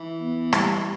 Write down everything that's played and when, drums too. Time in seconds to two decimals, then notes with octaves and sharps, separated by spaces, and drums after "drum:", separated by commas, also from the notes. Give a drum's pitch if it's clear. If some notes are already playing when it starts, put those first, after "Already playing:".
Already playing: E3
0.19 B3
0.53 G3, drum: rim click